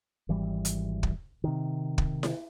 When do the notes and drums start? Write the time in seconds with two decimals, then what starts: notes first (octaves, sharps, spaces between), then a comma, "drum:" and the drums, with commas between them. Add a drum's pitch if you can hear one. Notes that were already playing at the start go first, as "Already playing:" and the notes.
0.29 G#1 E3 G3
0.65 drum: hi-hat
1.03 drum: kick
1.44 C3 D#3
1.98 drum: kick
2.23 drum: snare E4